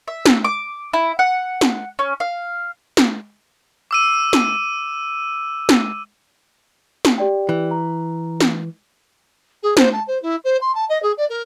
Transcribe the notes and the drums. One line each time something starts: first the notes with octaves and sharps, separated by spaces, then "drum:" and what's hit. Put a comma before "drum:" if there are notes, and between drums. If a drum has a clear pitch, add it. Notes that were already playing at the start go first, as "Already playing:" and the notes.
E5
drum: snare
D6
E4
F#5
drum: snare
C#4
F5
drum: snare
D6 E6 D#7
drum: snare
drum: snare
drum: snare
G4 D5 G5
E3
A#5
drum: snare
G#4
C5, drum: snare
A5
C5
E4
C5
C6
A5
D#5
G#4
D5
A#4